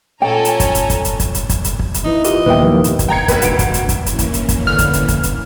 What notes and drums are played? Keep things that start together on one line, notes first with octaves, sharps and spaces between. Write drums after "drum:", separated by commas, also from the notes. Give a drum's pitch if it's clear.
A#2 C#4 A4 G5 G#5 A#5
drum: hi-hat
drum: kick, hi-hat
drum: hi-hat
drum: kick, hi-hat
drum: hi-hat
drum: kick, hi-hat
drum: hi-hat
drum: kick, hi-hat
drum: hi-hat
drum: kick
drum: hi-hat
E3 D#4 E4 B4
F4 G4 A#4 D#5, drum: hi-hat
D#2 A#2 G3 B3 B4 E5 G5
F3 F#3 A#3
drum: hi-hat
drum: kick, hi-hat
G5 A#5 G#6 C#7
B1 B4, drum: kick, hi-hat
D2 D7, drum: hi-hat
drum: kick, hi-hat
drum: hi-hat
drum: kick, hi-hat
E3 A#3 C#4, drum: hi-hat
drum: kick, hi-hat
drum: hi-hat
drum: kick, hi-hat
D3 B4 F6
drum: kick, hi-hat
drum: hi-hat
drum: kick, hi-hat
drum: hi-hat